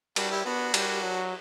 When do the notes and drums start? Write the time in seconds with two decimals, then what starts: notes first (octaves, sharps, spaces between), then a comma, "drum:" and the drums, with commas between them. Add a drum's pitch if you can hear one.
0.16 G3 D4 F#4, drum: cymbal
0.31 E4 G4
0.45 B3 D4 F#4
0.74 G3, drum: cymbal
1.03 F#3